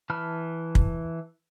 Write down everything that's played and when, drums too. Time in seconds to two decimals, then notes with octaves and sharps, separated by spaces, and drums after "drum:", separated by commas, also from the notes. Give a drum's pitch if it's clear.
0.10 E3 A5 B5 F6
0.75 drum: kick